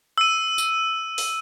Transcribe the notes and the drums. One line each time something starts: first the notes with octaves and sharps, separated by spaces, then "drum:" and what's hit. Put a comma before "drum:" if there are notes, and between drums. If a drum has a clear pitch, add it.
E6 D#7
drum: tambourine
drum: open hi-hat